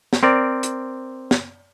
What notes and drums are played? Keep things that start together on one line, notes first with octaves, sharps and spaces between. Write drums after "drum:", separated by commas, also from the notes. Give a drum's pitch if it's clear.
drum: snare
C4 A#4 D5
drum: hi-hat
drum: snare